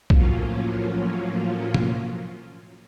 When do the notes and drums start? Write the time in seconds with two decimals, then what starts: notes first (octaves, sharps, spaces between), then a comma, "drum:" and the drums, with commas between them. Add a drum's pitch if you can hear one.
0.10 A2 F3 F#3 A#3 C#4 F4, drum: kick B1
1.74 drum: tom B2